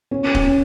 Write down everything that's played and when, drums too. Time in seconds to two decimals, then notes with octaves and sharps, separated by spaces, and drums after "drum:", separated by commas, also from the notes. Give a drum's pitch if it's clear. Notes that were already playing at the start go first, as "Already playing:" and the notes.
0.11 C#4
0.35 C#4, drum: kick